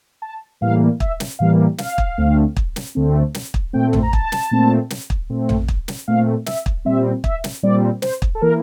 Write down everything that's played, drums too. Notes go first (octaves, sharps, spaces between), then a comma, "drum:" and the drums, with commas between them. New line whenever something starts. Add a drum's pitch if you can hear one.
A5
A2 E3 G3 A#3 F5
E5, drum: kick
drum: snare
A2 E3 G3 A#3 F5
F5, drum: snare
drum: kick
D2 D3 A3 C4
drum: kick
drum: snare
D2 D3 A3 C4
drum: snare
drum: kick
A#2 A3 C4 G5
drum: tom A1
A#5
A5, drum: kick
drum: snare
A#2 A3 C4
drum: snare
drum: kick
A#2 A3 C4
drum: tom A1
drum: kick
drum: snare
A#2 A3 C4 F5
E5, drum: snare
drum: kick
A#2 G3 C4 E5
E5, drum: kick
drum: snare
A#2 G3 C4 D5
C5, drum: snare
drum: kick
A4
E3 A#3 A#4